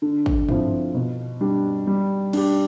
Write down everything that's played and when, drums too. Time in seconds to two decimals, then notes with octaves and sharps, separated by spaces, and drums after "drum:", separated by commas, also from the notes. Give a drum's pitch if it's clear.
0.02 D3
0.26 drum: kick
0.49 F3 C4 E4, drum: tom G2
0.95 B2
1.41 G3 D4 G4
1.87 G3
2.33 D4 G4, drum: cymbal